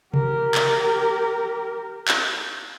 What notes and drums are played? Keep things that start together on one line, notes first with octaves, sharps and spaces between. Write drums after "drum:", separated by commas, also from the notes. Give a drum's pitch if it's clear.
G4 A#4, drum: tom C3
drum: clap
drum: clap